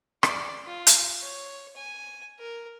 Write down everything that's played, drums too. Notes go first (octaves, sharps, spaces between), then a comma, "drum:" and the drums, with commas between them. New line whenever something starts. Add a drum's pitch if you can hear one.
D5, drum: rim click
F4
drum: hi-hat
C#5
G#5
A#4